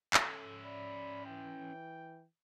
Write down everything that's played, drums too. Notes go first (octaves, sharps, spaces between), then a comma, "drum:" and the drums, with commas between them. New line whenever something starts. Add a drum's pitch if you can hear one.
C#4 A4 E5, drum: clap
D5 B5
E3 G5